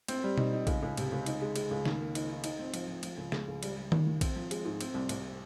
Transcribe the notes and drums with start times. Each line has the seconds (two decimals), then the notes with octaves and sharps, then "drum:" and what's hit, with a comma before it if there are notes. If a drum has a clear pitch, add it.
0.08 C4, drum: cymbal
0.24 G3
0.38 D#4, drum: tom B2
0.52 D#4
0.67 C#2, drum: kick A#1, cymbal
0.83 C#2
0.97 C3, drum: cymbal
1.12 C#2
1.26 D#4, drum: cymbal
1.42 G#3
1.56 G#3, drum: cymbal
1.71 C#2
1.85 D#3, drum: snare
2.01 A#3
2.15 D#4, drum: cymbal
2.30 D#4
2.44 D#4, drum: cymbal
2.59 C4
2.74 F3, drum: cymbal
2.88 F3
3.03 F3, drum: cymbal
3.18 C#2
3.32 G#3, drum: snare
3.48 C#2
3.63 G3, drum: cymbal
3.76 G3
3.92 D#3, drum: tom D#3
4.07 D#3
4.21 C4, drum: kick A#1, cymbal
4.36 F3
4.51 G#3, drum: cymbal
4.65 G#2
4.81 C4, drum: cymbal
4.94 C2
5.09 C2, drum: cymbal